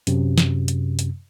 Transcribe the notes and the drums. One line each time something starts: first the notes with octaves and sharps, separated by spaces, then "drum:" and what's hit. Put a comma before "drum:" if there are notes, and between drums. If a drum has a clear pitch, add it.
F#2 C3, drum: hi-hat
drum: snare
drum: hi-hat
drum: hi-hat